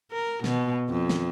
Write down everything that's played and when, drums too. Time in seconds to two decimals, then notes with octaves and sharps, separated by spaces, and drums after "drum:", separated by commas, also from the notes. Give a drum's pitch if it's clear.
0.11 A#4
0.44 B2, drum: snare
0.89 F2
1.09 drum: snare